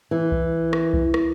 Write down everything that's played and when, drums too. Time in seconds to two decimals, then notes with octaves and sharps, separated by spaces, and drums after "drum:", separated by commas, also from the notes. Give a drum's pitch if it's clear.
0.11 E3
0.32 drum: kick C2
0.73 drum: rim click
0.93 drum: kick C2
1.14 drum: rim click